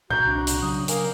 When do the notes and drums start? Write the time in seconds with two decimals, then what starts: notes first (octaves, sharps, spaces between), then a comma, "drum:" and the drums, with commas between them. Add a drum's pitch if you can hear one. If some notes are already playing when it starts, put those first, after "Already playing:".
0.11 A1 A#2 F#4 A#5 G6
0.25 C2 D4
0.47 drum: hi-hat
0.62 C#3 F#3 D#6
0.88 A#3 G#5, drum: hi-hat